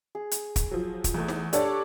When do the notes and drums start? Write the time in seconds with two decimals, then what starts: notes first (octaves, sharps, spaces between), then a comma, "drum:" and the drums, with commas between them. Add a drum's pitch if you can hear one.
0.15 G#4
0.31 drum: hi-hat
0.56 drum: kick, hi-hat
0.71 F3 F#3
1.04 drum: kick, hi-hat
1.14 E2 A3
1.28 drum: snare
1.53 D4 G4 A4 C#5 D5 D6, drum: hi-hat